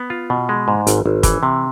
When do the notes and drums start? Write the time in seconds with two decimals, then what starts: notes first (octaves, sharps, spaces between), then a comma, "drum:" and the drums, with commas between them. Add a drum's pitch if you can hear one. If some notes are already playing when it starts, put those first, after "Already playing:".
Already playing: B3
0.10 F4
0.30 B2
0.49 G#3
0.68 G#2
0.87 G#1, drum: hi-hat
1.06 G#1
1.23 E3, drum: kick, hi-hat
1.43 C3